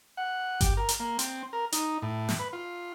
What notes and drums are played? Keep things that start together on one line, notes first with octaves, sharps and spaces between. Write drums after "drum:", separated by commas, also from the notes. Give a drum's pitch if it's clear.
F#5
G4, drum: kick G1, hi-hat
A#4
drum: hi-hat
A#3
C4, drum: hi-hat
A#4
D#4, drum: hi-hat
A2
drum: snare
B4
F4